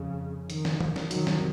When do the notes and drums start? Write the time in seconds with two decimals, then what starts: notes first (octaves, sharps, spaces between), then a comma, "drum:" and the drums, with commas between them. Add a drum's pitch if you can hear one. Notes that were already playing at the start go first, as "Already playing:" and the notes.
Already playing: F2 C#3
0.50 D#3, drum: hi-hat
0.65 drum: snare
0.80 drum: tom
0.96 drum: snare
1.11 F2 C3 D#3 F#3, drum: hi-hat
1.27 drum: snare